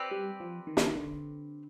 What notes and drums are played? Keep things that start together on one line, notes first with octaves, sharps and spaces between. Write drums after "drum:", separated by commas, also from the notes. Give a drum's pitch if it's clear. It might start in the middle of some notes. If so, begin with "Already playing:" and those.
Already playing: C4 G4 B4 D5
G3
F3
D#3
drum: snare
D#3
D3